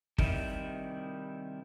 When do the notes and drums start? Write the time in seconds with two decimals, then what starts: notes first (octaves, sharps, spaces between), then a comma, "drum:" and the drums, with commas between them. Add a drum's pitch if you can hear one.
0.18 C3 D#3 G3 E4, drum: kick